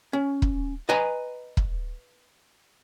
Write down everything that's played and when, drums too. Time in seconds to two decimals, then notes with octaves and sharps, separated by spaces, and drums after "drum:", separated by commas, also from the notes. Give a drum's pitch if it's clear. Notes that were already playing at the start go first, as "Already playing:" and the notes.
0.13 C#4
0.42 drum: kick
0.89 B4 D#5 G#5 A#5
1.57 drum: kick